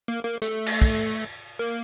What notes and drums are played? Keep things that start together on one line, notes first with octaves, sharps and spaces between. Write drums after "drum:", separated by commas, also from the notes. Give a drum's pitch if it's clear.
A#3
A#3
A3, drum: hi-hat
drum: cymbal
drum: kick
A#3